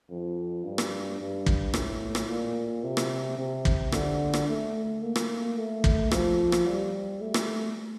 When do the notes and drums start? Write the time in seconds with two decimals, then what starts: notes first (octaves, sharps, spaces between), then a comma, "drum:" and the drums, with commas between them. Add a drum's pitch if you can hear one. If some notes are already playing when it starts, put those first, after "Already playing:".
0.10 F2
0.64 G2
0.78 drum: rim click
1.19 G2
1.46 drum: kick
1.74 A2, drum: rim click
2.15 drum: rim click
2.29 A#2
2.83 C3
2.97 drum: rim click
3.38 C3
3.65 drum: kick
3.92 D3, drum: rim click
4.34 drum: rim click
4.47 A3
5.02 A#3
5.16 drum: rim click
5.57 A3
5.84 drum: kick
6.11 F3, drum: rim click
6.52 drum: rim click
6.67 G3
7.21 A3
7.34 drum: rim click